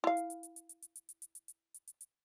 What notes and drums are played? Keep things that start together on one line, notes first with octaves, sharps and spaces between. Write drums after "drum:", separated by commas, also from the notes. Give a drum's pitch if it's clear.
E4 F5
drum: hi-hat
drum: hi-hat
drum: hi-hat
drum: hi-hat
drum: hi-hat
drum: hi-hat
drum: hi-hat
drum: hi-hat
drum: hi-hat
drum: hi-hat
drum: hi-hat
drum: hi-hat
drum: hi-hat
drum: hi-hat